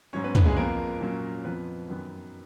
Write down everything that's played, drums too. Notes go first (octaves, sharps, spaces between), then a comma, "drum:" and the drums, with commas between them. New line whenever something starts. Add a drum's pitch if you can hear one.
G#2 F#3 C#4 C#5
B3 B4
B3 B4, drum: tom
G#3 G#4
F2 F3 A#3 B3 A#4
A#2 F#3 C#4
F2 F3 B3 B4
F#2 D#3 F#3 B3